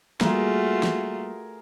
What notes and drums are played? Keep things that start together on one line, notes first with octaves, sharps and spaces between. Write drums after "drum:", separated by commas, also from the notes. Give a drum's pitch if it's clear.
G3 A3 A#3 F4 F#4 G#4 A#4, drum: snare
drum: snare